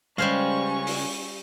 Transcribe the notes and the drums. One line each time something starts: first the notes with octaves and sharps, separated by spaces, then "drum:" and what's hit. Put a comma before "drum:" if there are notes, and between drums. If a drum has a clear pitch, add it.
C#2 G3 G#3 C#4 C5 F5 C#6
drum: open hi-hat